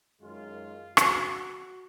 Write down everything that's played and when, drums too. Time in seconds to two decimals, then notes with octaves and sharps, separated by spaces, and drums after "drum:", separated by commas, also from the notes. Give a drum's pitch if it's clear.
0.21 F#2 D#3 G#3 F4
0.97 F#4, drum: rim click